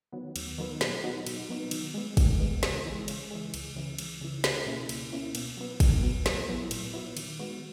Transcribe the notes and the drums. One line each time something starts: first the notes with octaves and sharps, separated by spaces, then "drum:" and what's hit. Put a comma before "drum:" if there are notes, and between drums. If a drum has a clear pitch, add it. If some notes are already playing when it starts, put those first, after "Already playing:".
D#3 F#3 B3
D#2, drum: cymbal
D#3 F#3 B3
B2, drum: snare
F#3 B3 D#4 F#4
B2, drum: cymbal
F#3 B3 D#4 F#4
D#3, drum: cymbal
G#3 B3
D#3, drum: kick, cymbal
G#3 B3
C#3, drum: snare
E3 G#3
C#3, drum: cymbal
E3 G#3
C#2, drum: cymbal
C#3 E3
C#2, drum: cymbal
C#3 E3
C#2, drum: snare
B2 A#3 C#4 E4
C#2, drum: cymbal
B2 A#3 C#4 E4
B2, drum: cymbal
F#3 B3
B2, drum: kick, cymbal
F#3 B3
A#2, drum: snare
F#3 B3 E4
A#2, drum: cymbal
F#3 B3 E4
D#3, drum: cymbal
G#3 B3 F#4